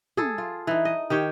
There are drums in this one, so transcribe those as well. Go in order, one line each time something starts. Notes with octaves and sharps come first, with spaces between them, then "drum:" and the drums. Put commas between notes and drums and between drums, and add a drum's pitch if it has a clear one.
G#4 A4, drum: tom
F4
E3 D#4
D#5
D#3 G4 C#5 G5